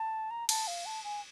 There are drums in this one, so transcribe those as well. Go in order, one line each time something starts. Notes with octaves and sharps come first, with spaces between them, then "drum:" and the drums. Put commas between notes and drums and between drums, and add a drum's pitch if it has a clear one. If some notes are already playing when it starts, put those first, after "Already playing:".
Already playing: A5
A#5
A5, drum: cymbal
F5
A5
G#5